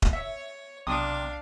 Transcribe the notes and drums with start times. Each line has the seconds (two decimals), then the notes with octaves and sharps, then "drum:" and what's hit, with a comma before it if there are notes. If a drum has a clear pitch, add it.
0.02 drum: kick D#1
0.13 C#5 E5
0.87 B1 C3 D4 F5 D#6